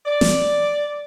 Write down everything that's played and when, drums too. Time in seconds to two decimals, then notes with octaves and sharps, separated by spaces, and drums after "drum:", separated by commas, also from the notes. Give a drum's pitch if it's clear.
0.06 D5
0.21 drum: snare